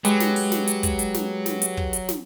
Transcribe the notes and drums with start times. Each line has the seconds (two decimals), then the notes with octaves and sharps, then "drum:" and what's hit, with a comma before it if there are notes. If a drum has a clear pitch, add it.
0.05 F#3 G#3 G4 G#4 B4, drum: hi-hat
0.20 drum: snare
0.36 drum: open hi-hat
0.52 drum: snare
0.67 drum: hi-hat
0.83 drum: kick, hi-hat
0.99 drum: hi-hat
1.15 drum: snare
1.46 drum: snare
1.62 drum: hi-hat
1.77 drum: kick
1.93 drum: hi-hat
2.09 drum: snare